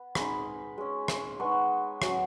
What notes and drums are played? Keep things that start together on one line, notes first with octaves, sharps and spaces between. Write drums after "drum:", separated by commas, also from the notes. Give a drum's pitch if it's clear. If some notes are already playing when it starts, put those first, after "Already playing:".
Already playing: B3
G#3 D#4 B5, drum: rim click
G#3 C#4
drum: rim click
G#3 B3 D#4 C#6
F#3 C#4, drum: rim click